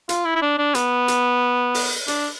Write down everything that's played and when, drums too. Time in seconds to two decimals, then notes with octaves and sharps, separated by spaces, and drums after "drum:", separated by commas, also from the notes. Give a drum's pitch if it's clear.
0.09 F4, drum: hi-hat
0.25 E4
0.36 E4
0.42 D4
0.58 D4
0.75 B3, drum: hi-hat
1.08 drum: hi-hat
1.74 drum: open hi-hat
2.08 D4, drum: hi-hat